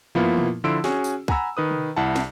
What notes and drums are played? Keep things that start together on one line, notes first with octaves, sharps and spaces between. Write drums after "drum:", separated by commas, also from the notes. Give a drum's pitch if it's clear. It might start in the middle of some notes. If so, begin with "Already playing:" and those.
F3 A#3 B3 E4 F4, drum: tom
drum: tom
D3 F3 E4 C6 E6 D7
C#4 F#4 G#4, drum: snare
drum: tambourine
F#5 G#5 A#5 B5 E6, drum: kick
D#3 B4 D#6
drum: tom
C2 E4 F#5 A5
drum: snare